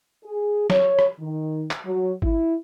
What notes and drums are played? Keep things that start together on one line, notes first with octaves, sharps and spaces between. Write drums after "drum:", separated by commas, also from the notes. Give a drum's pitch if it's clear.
G#4
C#5, drum: snare
drum: rim click
D#3
drum: clap
F#3
E4, drum: kick G#1